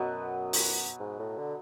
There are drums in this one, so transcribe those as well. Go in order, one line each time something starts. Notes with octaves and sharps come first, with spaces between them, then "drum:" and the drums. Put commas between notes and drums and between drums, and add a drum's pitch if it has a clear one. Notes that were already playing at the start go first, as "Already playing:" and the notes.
Already playing: F#2 B2 F#3 B3
drum: open hi-hat
G#2
A2
D3